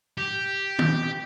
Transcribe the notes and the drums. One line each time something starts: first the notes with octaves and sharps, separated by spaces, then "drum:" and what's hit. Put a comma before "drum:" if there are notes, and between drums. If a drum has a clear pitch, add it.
G4
drum: tom D#3